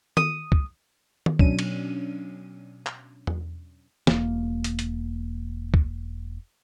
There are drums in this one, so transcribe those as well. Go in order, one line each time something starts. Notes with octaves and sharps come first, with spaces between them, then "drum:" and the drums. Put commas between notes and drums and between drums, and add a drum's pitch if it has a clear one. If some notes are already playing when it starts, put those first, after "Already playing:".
D#6, drum: tom D#3
drum: kick
drum: tom D#3
B2 F#3 C#4 D4 D#7, drum: kick
drum: cymbal
drum: clap
drum: tom E2
E1 A#3, drum: snare
drum: hi-hat
drum: hi-hat
drum: kick